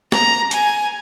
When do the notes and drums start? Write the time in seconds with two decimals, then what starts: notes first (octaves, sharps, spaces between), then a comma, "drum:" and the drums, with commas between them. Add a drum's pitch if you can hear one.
0.12 A#5, drum: snare
0.51 G#5, drum: hi-hat